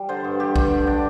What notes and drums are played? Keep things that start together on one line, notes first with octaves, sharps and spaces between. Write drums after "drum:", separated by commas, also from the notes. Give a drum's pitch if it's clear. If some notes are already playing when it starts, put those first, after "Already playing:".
Already playing: G3
D3 C5
G2
G3 G4
G2, drum: kick
D3
D4